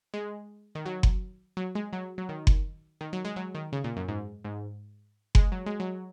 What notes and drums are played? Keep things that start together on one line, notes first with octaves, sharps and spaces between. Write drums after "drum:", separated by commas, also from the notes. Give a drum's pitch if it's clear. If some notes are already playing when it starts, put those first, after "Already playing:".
G#3
D#3
F#3
drum: kick F#1
F#3
G#3
F#3
F#3
D#3
drum: kick F#1
D#3
F#3
G#3
F#3
D#3
C#3
A#2
F#2
G#2
G#2
G#3, drum: kick F#1
F#3
G#3
F#3